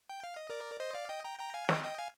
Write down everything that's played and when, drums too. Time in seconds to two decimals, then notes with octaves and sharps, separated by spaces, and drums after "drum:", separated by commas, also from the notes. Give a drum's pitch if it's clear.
0.09 G5
0.24 F5
0.36 D#5
0.50 A#4 D5
0.80 C5 D#5
0.94 D5 F5
1.09 D#5 G5
1.24 G5 A#5
1.39 G5 A#5
1.54 F5 G#5
1.69 D#5 G5, drum: snare
1.84 D#5 G5
1.98 F5 G#5